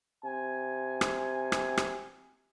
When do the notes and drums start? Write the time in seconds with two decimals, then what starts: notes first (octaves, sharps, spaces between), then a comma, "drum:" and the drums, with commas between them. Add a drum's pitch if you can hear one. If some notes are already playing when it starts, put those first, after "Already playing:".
0.25 C3 G#5
1.01 drum: rim click
1.52 drum: rim click
1.77 drum: rim click